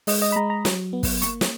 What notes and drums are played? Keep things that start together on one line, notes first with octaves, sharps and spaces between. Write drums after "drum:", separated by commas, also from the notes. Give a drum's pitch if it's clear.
G#3 D#5, drum: open hi-hat
D#5
B5
G#3 A#5
A#5
F#3, drum: snare
B3
drum: kick, open hi-hat
A#3 C#6, drum: hi-hat
drum: snare